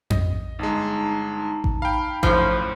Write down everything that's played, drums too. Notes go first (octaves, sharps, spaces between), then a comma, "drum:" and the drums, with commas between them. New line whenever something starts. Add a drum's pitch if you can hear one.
D#5, drum: tom F2
G1 G#3 D#4 A5 A#5
drum: kick A1
F5 G5 B5
F#2 A2 F3, drum: kick A1